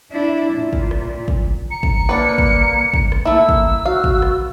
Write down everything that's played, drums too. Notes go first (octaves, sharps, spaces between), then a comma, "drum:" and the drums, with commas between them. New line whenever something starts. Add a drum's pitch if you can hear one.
D4 E4
A#2
drum: kick
drum: rim click
drum: kick
A#5 C#7
drum: kick
A#3 D4 B4
drum: kick
drum: kick
drum: rim click
A3 A#3 E4 E6
drum: kick
F#4 F5
drum: kick
drum: rim click